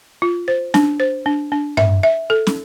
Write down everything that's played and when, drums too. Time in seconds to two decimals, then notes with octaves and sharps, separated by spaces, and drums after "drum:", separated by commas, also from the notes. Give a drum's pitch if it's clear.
0.22 F4
0.48 C5
0.74 D4, drum: snare
1.00 C5
1.26 D4
1.52 D4
1.77 E5, drum: tom G2
2.03 E5
2.30 A4
2.47 drum: snare